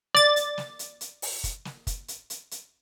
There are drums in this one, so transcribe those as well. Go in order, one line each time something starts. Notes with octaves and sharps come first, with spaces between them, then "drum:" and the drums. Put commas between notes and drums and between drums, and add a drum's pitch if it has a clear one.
D5 A6, drum: snare
drum: hi-hat
drum: snare
drum: hi-hat
drum: hi-hat
drum: open hi-hat
drum: kick, hi-hat
drum: snare
drum: kick, hi-hat
drum: hi-hat
drum: hi-hat
drum: hi-hat